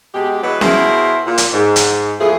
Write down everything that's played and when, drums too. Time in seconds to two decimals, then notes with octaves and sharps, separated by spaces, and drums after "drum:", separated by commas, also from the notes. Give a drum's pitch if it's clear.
0.13 B2 G#3 G4
0.42 E3 F#3 G#3 B3
0.61 B2 E4 G#4 A#4 C5, drum: snare C#4
1.26 A#2
1.38 drum: hi-hat
1.53 G#2
1.76 drum: hi-hat
2.19 E2 F3 A3 G#4